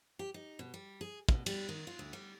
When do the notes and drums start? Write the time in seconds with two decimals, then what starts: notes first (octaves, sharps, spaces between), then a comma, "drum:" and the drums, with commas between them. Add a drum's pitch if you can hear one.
0.19 G4
0.34 D#4
0.59 B2
0.74 G3
1.01 G#4
1.29 B2, drum: kick
1.46 G3, drum: cymbal
1.69 D#3
1.87 F4
1.99 D2
2.13 G3